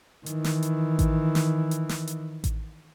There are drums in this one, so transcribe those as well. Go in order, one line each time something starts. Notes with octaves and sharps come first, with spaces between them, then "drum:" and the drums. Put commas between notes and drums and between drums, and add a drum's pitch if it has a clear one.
D#3 E3, drum: hi-hat
drum: snare
drum: hi-hat
drum: kick A1, hi-hat
drum: snare
drum: hi-hat
drum: snare
drum: hi-hat
drum: kick A1, hi-hat